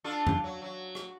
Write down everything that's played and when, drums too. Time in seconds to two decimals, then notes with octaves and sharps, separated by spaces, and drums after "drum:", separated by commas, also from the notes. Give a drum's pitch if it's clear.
0.04 D4 F4 A4
0.27 drum: tom E2
0.44 F#3
0.62 F#3
0.95 drum: rim click